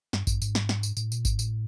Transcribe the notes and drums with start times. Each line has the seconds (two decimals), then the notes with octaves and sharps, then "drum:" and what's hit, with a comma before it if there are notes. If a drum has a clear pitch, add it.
0.13 G2, drum: snare
0.27 G2, drum: kick G#1, tambourine
0.42 G#2, drum: tambourine
0.55 drum: snare
0.69 drum: snare
0.83 drum: tambourine
0.97 A2, drum: tambourine
1.12 A#2, drum: tambourine
1.25 G#2, drum: kick G#1, tambourine
1.39 A2, drum: tambourine